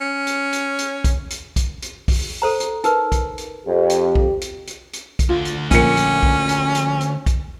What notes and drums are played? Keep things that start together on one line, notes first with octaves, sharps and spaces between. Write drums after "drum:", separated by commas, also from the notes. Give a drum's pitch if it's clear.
C#4
drum: hi-hat
drum: hi-hat
drum: hi-hat
drum: kick B1, hi-hat
drum: hi-hat
drum: kick B1, hi-hat
drum: hi-hat
drum: kick B1, open hi-hat
A4 C5 A#5
drum: hi-hat
D#4 A#4 B4, drum: hi-hat
drum: kick B1, hi-hat
drum: hi-hat
F2 G4
drum: hi-hat
drum: kick B1
drum: hi-hat
drum: hi-hat
drum: hi-hat
drum: kick B1, hi-hat
D2 D3 F4
drum: hi-hat
A#1 C#4 A#4 C#7, drum: kick B1, hi-hat
drum: hi-hat
drum: kick B1
drum: hi-hat
drum: hi-hat
drum: hi-hat
drum: kick B1, hi-hat